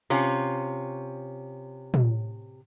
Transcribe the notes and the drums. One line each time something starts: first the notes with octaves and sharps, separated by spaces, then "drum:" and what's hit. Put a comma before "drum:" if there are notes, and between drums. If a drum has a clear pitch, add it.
C3 C#4 F4
drum: tom